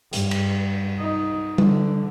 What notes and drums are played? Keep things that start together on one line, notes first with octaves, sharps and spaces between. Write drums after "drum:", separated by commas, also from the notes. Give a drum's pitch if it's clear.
G2, drum: hi-hat
drum: cymbal
D#4
D3, drum: tom G3